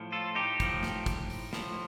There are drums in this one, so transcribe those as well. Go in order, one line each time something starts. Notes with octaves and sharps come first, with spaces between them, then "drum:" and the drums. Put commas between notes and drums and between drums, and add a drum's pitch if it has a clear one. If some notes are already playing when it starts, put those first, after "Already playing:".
Already playing: A2 F3
F4 A4
D#4 G4
A2 F3, drum: kick, hi-hat
drum: snare
drum: kick, hi-hat
drum: open hi-hat
A2 F3, drum: snare